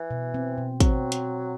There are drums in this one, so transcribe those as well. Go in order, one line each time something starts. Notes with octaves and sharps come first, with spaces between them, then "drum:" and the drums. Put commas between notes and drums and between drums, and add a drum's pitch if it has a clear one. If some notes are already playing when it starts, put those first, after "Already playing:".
Already playing: E3
B2
C4
B2
F#3 C4, drum: kick, hi-hat
drum: hi-hat